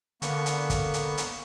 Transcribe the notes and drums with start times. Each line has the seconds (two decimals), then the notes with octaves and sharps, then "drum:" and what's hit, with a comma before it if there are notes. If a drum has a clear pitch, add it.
0.22 D3 A#3 B3 C#6, drum: hi-hat
0.46 drum: hi-hat
0.70 drum: kick, hi-hat
0.94 drum: hi-hat
1.18 drum: hi-hat